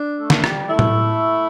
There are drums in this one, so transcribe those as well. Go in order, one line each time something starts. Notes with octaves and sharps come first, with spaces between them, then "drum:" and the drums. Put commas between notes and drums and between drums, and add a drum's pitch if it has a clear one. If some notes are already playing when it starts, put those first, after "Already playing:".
Already playing: D4
A3 A4
drum: snare
G3 G4, drum: rim click
A3 E4 A4
drum: tom A2